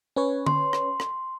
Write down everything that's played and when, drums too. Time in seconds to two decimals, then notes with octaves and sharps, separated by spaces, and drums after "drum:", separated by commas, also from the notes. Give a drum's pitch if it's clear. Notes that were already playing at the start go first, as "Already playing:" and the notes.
0.16 C#4 B4 C#5
0.46 C6, drum: tom D3
0.73 drum: rim click
1.00 drum: rim click